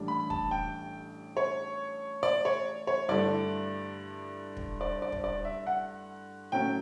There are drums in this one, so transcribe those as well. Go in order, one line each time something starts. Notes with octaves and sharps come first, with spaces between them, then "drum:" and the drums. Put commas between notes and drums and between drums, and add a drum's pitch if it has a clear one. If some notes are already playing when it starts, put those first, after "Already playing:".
Already playing: A1 A2 G3 D4
B5
A5, drum: kick
G5
C#5
D5
C#5
C#5
G2 D3 A3 E4 D5
drum: kick
D5
D5
drum: kick
D5
E5
F#5
A2 F#3 C#4 G5